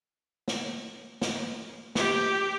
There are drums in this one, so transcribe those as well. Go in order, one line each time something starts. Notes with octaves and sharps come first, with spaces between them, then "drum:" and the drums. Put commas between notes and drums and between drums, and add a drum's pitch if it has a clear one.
drum: snare
drum: snare
G4, drum: snare